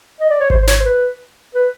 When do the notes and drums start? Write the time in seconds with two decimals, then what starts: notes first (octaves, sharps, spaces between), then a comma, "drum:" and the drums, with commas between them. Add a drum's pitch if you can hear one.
0.20 D#5
0.30 D5
0.40 C#5
0.50 C5, drum: kick G#1
0.62 C5
0.67 C#5, drum: snare
0.80 C5
0.85 B4
1.55 B4